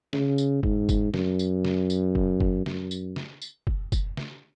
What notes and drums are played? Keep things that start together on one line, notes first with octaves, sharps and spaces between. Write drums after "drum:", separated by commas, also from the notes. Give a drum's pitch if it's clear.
C#3, drum: snare
drum: tambourine
G#2, drum: kick
drum: kick, tambourine
F#2, drum: snare
drum: tambourine
drum: snare
drum: tambourine
drum: kick
drum: kick
F#2, drum: snare
drum: tambourine
drum: snare
drum: tambourine
drum: kick
drum: kick, tambourine
drum: snare